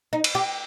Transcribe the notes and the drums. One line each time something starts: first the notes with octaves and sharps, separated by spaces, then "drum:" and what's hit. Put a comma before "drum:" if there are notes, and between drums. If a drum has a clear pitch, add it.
D#4
drum: cymbal
G4